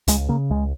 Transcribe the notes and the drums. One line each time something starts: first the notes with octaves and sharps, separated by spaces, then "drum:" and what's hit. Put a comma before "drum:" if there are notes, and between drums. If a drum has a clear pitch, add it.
C#2 G#3, drum: hi-hat
C#3 A#3
C#2 G#3